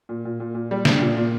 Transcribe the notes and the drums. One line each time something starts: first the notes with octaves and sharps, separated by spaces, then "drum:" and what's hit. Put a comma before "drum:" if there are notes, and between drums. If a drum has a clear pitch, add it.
A#2
A#2
A#2
A#2
G3
D4, drum: snare
A#2
A#2